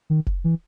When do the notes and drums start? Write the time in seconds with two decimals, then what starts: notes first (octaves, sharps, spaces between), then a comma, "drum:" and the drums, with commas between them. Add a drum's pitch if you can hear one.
0.10 D#3
0.27 drum: kick F1
0.44 E3